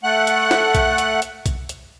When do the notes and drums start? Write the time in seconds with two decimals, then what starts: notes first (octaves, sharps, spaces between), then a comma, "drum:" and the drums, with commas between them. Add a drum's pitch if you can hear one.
0.04 A3 F#5 F#6
0.27 drum: hi-hat
0.51 drum: snare
0.75 drum: kick B1, hi-hat
0.98 drum: hi-hat
1.22 drum: hi-hat
1.46 drum: kick B1, hi-hat
1.69 drum: hi-hat